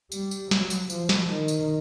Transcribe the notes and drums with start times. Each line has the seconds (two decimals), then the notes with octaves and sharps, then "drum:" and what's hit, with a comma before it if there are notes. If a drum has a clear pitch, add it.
0.12 G3, drum: tambourine
0.31 drum: tambourine
0.51 F#3, drum: snare
0.70 drum: tambourine
0.90 F3, drum: tambourine
1.09 drum: snare
1.29 D#3
1.48 drum: tambourine